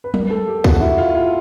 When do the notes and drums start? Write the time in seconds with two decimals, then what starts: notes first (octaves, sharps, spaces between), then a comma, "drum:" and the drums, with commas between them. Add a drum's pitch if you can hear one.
0.04 B4
0.14 A#4, drum: tom
0.30 A4
0.47 G4
0.64 F#4, drum: kick
0.81 E4
0.98 F4
1.15 F4